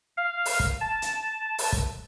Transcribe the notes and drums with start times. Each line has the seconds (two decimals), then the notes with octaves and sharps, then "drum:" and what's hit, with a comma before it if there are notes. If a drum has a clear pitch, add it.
0.17 F5
0.46 drum: open hi-hat
0.60 drum: kick
0.81 A5
1.02 drum: hi-hat
1.58 drum: open hi-hat
1.73 drum: kick